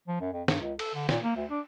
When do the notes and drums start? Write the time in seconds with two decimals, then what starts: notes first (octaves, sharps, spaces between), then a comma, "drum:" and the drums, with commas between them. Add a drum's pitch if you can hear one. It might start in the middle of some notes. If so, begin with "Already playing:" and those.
0.08 F3
0.21 F#2
0.33 F2
0.48 G2, drum: snare
0.61 C#2
0.79 A4, drum: cymbal
0.94 D3
1.09 A#2, drum: snare
1.23 A#3
1.36 D2
1.50 D4